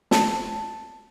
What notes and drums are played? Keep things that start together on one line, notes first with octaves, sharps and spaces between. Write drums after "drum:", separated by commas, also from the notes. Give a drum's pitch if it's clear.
A5, drum: snare